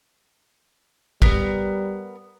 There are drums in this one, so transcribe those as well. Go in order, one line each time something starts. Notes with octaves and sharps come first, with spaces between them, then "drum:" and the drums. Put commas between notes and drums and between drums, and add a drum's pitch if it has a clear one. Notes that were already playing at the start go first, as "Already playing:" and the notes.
G3 B3 A#4, drum: kick